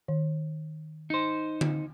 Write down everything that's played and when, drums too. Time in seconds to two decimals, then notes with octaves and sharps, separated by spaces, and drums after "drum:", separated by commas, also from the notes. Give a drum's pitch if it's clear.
0.08 D#3
1.10 D#4 C5
1.61 drum: tom D3